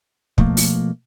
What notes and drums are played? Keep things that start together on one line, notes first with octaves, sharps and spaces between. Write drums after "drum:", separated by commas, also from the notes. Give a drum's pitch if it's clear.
B2 F3 A3 A#3, drum: kick
drum: open hi-hat